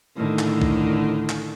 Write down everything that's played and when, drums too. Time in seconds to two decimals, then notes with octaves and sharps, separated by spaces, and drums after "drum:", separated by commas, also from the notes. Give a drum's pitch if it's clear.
0.16 A2 D3 D#3
0.39 drum: clap
0.62 drum: kick
1.29 drum: clap